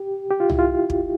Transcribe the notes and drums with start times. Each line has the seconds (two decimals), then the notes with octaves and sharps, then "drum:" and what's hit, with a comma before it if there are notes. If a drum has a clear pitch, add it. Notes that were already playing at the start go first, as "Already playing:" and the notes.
Already playing: G4
0.31 G4
0.40 F4
0.49 E4, drum: tom C2
0.59 F4
0.90 drum: kick